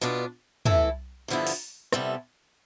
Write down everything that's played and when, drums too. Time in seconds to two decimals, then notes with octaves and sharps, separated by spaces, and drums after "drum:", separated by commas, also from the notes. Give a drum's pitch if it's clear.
0.01 B2 B3 D4 F4
0.65 E3 A3 E4 A4, drum: tom
1.28 G2 D3 F3 B3 E4
1.47 drum: open hi-hat
1.92 C3 G3 B3 E4 A4, drum: rim click